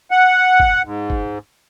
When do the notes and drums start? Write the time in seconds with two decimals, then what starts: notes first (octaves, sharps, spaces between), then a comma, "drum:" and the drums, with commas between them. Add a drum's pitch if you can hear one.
0.11 F#5
0.60 drum: kick G1
0.85 G#2
1.10 drum: kick G1